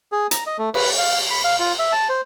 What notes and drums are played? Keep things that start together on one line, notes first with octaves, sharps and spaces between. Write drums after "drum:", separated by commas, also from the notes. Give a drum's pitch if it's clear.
G#4
A#5, drum: hi-hat
D#5
A3
B4, drum: cymbal
F5
B5
F5
F4
E5
A5
C5